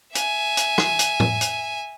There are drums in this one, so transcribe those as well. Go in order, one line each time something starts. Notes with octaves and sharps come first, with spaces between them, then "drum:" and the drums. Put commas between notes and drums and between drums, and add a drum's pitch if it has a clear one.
E5 G#5, drum: hi-hat
drum: hi-hat
drum: rim click
drum: hi-hat
drum: tom A2
drum: hi-hat